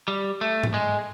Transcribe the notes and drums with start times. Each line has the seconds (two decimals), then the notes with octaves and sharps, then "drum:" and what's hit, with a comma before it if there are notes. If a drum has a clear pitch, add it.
0.08 G3
0.41 A3
0.63 drum: tom G#2
0.74 G#3